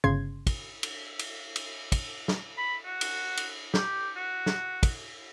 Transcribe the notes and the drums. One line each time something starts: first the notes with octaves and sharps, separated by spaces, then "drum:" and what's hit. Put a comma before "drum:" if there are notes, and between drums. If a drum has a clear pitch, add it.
G1 C#3 C6 G#6
drum: kick, cymbal
drum: cymbal
drum: cymbal
drum: cymbal
drum: kick, cymbal
drum: snare
B5
F#4
drum: cymbal
drum: cymbal
G4, drum: snare
F#4
drum: snare
drum: kick, cymbal